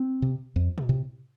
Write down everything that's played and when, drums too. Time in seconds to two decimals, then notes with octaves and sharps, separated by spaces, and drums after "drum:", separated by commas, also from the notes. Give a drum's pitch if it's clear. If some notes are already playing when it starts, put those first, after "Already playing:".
Already playing: C4
0.22 C3
0.56 F2
0.78 drum: tom
0.89 C3